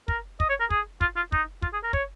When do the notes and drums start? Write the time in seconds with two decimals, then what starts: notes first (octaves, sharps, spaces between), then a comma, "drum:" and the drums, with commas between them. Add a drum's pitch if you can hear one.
0.08 A#4, drum: kick
0.40 D#5, drum: kick
0.49 C#5
0.60 A#4
0.70 G#4, drum: kick
1.01 F4, drum: kick
1.16 F4
1.32 D#4, drum: kick
1.62 F4, drum: kick
1.73 G#4
1.83 A#4
1.93 C#5, drum: kick